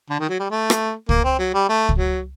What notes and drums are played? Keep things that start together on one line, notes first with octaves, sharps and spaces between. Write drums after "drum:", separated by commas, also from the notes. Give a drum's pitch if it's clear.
D3
D#3
F#3
G3
A3
drum: rim click
A#3, drum: kick
C4
F#3
G3
A3
drum: kick
F#3